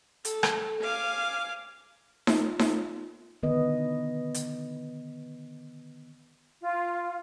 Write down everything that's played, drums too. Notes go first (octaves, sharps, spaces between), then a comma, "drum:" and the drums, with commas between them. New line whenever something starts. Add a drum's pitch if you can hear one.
A4, drum: hi-hat
drum: rim click
F5 G#5 D6
F4, drum: snare D#4
drum: snare D#4
D3 D#3 B3 B4 D#5
drum: hi-hat
F4